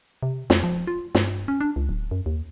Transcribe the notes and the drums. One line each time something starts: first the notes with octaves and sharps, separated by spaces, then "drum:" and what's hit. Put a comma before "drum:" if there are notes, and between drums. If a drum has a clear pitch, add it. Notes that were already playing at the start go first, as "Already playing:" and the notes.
C3
F2, drum: snare
F3
F4
G2, drum: snare
C#4
D4
C#2
D1
F#2
D#2